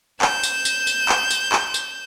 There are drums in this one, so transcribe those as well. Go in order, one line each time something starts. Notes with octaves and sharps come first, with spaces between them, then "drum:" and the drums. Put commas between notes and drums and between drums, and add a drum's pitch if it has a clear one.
G6 E7, drum: clap
drum: tambourine
drum: tambourine
drum: tambourine
drum: clap
drum: tambourine
drum: clap
drum: tambourine